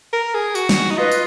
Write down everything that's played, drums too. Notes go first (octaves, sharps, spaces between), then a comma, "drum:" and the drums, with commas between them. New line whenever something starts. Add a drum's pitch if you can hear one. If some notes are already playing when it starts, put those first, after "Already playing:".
A#4
G#4
F#4, drum: tambourine
drum: snare
D#4
F4 B4 D#5
drum: tambourine